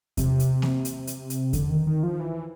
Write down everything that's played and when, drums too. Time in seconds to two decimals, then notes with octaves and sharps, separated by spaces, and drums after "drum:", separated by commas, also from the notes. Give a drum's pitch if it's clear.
0.17 C3, drum: kick E2, hi-hat
0.40 drum: hi-hat
0.62 drum: snare A#3
0.85 drum: hi-hat
1.07 drum: hi-hat
1.30 drum: hi-hat
1.53 D3, drum: kick E2, hi-hat
1.70 D#3
1.87 D#3
2.03 F3
2.20 E3